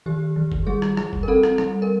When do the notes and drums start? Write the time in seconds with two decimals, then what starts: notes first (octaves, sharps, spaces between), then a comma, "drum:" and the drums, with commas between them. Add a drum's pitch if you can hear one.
0.06 D#3 G4
0.36 D#3
0.52 drum: kick F#1
0.67 G3 G#4
0.82 drum: rim click
0.97 G3, drum: rim click
1.13 drum: kick F#1
1.23 A#4
1.28 C4 A4
1.43 drum: rim click
1.58 G3, drum: rim click
1.82 A#4